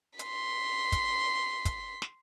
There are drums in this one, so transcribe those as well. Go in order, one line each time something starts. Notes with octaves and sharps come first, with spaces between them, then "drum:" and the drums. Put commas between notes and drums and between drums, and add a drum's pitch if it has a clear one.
C6 B6, drum: hi-hat
drum: kick, hi-hat
drum: kick, hi-hat
drum: snare